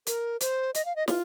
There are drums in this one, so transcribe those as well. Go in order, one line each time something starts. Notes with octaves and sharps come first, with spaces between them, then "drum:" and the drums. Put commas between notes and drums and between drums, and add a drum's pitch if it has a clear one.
A#4, drum: hi-hat
C5, drum: hi-hat
D#5, drum: hi-hat
F5
D#5
F4, drum: snare